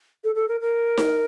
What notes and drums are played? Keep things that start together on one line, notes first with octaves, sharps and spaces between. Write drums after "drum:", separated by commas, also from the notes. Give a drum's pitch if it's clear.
A4
A4
A#4
A#4
drum: snare D#4